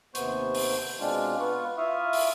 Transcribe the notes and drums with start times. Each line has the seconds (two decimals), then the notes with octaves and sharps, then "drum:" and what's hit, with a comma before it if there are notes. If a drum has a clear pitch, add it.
0.15 D#2 C3 B3 C5 C#6 G6, drum: hi-hat
0.55 drum: open hi-hat
1.00 B2 G#3 C4 D4 F4
1.41 B3 F4 B4 C#6
1.78 E4 F4 E5 F5 C#6 D#6
2.13 drum: open hi-hat